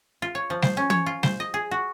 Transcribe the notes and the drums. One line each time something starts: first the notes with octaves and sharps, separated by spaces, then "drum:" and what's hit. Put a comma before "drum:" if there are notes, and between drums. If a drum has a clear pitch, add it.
F4
C#5
F3
C5, drum: snare G3
C#4
C#5, drum: tom
F4
C5, drum: snare G3
D#5
G#4
F#4